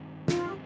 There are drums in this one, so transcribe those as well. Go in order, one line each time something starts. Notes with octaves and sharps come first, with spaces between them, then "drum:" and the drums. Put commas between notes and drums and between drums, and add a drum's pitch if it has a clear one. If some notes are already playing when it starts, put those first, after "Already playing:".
Already playing: G2 D#3 C4
G2 D#3 C4 F4, drum: snare
G4